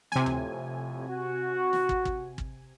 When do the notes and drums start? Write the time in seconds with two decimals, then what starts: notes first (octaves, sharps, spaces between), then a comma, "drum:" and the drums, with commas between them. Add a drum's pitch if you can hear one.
0.12 F2 A2 C3 G#5, drum: snare
0.26 drum: tom D2
1.08 F#4
1.73 drum: snare
1.89 drum: kick
2.05 drum: kick
2.38 drum: kick